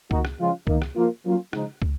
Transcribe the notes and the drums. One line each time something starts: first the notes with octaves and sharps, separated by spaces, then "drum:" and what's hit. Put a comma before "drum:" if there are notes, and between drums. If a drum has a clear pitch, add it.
D#3 A#3 D#4 F#4, drum: kick
drum: rim click
C#3 F3 G#3 C#4 F4
D#3 A#3 D#4, drum: kick
drum: rim click
F3 A#3 F4
F#3 A#3 C#4 F4
C#3 F3 G#3 D#4, drum: rim click
drum: kick